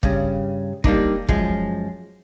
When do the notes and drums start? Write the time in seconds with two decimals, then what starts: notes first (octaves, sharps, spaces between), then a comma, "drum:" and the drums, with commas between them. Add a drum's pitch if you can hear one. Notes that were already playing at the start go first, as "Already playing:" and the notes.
0.03 G2 C#3, drum: kick
0.84 G3 A#3 D4 D#4, drum: kick
1.29 F#2 F3 G#3, drum: kick